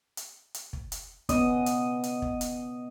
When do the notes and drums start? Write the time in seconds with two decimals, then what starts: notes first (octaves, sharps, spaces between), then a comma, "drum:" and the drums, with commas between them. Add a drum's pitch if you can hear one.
0.17 drum: hi-hat
0.54 drum: hi-hat
0.73 drum: kick
0.92 drum: hi-hat
1.29 B3 C#4 D#5, drum: kick, hi-hat
1.66 drum: hi-hat
2.04 drum: hi-hat
2.22 drum: kick
2.41 drum: hi-hat